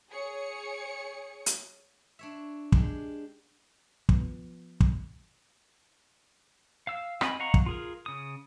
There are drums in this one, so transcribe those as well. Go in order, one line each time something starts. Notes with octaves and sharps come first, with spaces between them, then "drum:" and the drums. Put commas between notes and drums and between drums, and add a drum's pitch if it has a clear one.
G#4 C#5 C#7
drum: hi-hat
D4 C#5 E5
G#3 D4 G4, drum: kick
F3 B3, drum: kick
drum: kick
F5 E6
C4 D#5 G#5 B5, drum: rim click
D#5 F5 F#5 A#5 C#6
drum: kick
F4 G#4 A#4
C#3 D#6